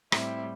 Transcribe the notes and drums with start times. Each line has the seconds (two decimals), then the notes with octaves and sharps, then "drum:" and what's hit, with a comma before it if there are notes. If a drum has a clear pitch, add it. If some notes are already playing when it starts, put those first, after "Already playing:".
0.12 A2 G3 C4 E4, drum: rim click